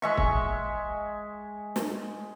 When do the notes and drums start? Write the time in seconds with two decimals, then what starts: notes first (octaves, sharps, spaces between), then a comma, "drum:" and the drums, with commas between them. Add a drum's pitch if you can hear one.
0.02 G#3 E5 C#6
0.17 drum: kick
1.76 drum: snare